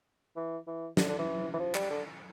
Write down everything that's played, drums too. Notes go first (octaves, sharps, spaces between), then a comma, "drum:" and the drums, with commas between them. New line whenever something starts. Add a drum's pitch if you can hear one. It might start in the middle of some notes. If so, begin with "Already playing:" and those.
E3
E3
D3, drum: snare
D3
E3
E3
F3
G3, drum: clap
D3